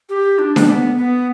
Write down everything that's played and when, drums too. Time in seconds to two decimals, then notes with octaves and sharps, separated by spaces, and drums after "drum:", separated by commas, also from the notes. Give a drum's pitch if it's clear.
0.09 G4
0.39 D4
0.56 drum: snare D4
0.68 B3
0.97 B3